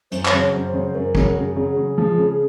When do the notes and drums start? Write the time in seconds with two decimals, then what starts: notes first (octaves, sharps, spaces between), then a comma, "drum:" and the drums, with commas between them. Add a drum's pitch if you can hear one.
0.11 F#2 C5, drum: hi-hat
0.25 C#5, drum: clap
0.32 C#3 F#3
0.39 C#5
0.53 F#2 C5
0.73 C#3 F#3
0.94 F#2 A#4
1.15 C#3 F#3, drum: kick
1.35 F#2 G#4
1.56 C#3 F#3 G#4
1.77 C#3
1.98 F3 G#3
2.18 C#3